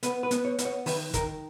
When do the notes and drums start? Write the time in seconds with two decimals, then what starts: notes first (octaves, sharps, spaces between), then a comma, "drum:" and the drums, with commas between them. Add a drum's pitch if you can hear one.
0.03 B3 B4, drum: hi-hat
0.23 B4
0.31 B3, drum: hi-hat
0.45 C#5
0.59 B3, drum: hi-hat
0.65 C#5
0.86 D#3 B4, drum: open hi-hat
1.14 D#3 A#4, drum: kick, hi-hat